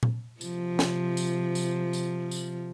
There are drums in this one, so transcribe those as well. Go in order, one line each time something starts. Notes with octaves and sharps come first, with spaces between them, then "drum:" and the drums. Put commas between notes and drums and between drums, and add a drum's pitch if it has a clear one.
drum: tom A#2
C3 F3, drum: tambourine
drum: snare
drum: tambourine
drum: tambourine
drum: tambourine
drum: tambourine